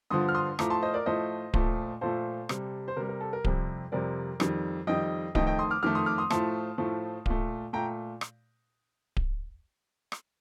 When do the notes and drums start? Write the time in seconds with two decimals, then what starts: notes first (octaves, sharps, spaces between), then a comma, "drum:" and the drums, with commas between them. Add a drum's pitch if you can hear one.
0.10 G2 D3 F3 C6 D#6
0.29 F6
0.34 C6 D#6
0.59 A2 F3 A3 A#5 D6, drum: rim click
0.70 A5 C6
0.82 C5 D#5
0.94 A#4 D5
1.06 A2 F3 A3 C5 D#5
1.54 A#2 F3 A3, drum: kick D1
2.01 A#2 F3 A3 A4 C5
2.49 C3 G3, drum: rim click
2.88 C5
2.96 C3 G3 A#4
3.09 A#4
3.21 A4
3.33 A#4
3.45 F2 C3 G3, drum: kick D1
3.92 F2 C3 G3 A#4 D5
4.40 F2 D#3 G3, drum: rim click
4.87 F2 D#3 G3 D#5 G5
5.35 F2 D#3 A3 D#5 G5, drum: kick D1
5.47 D#5 G5
5.59 C6 D#6
5.71 D6 F6
5.83 F2 D#3 A3 D6 F6
5.95 C6 D#6
6.06 D6 F6
6.18 C6 D#6
6.30 A2 F3 A3 A5 C6, drum: rim click
6.78 A2 F3 A3
7.26 A#2 A3, drum: kick D1
7.73 A#2 A3 G5 A#5
8.21 drum: rim click
9.17 drum: kick D1
10.12 drum: rim click